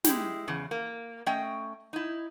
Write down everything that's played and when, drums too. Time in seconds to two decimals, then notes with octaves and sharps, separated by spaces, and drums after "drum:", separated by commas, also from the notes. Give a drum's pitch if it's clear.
0.04 G#3 E4 G4, drum: snare
0.48 E2 C#3
0.71 A#3
1.26 A3 C#4 D#5 G5
1.93 D#4 E4